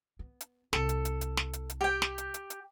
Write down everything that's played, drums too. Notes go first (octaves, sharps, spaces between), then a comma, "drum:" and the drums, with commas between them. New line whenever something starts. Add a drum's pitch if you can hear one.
B3
drum: hi-hat
C2 A4, drum: snare
drum: hi-hat
drum: hi-hat
drum: hi-hat
drum: snare
drum: hi-hat
drum: hi-hat
G4 G5
drum: snare
drum: hi-hat
drum: hi-hat
drum: hi-hat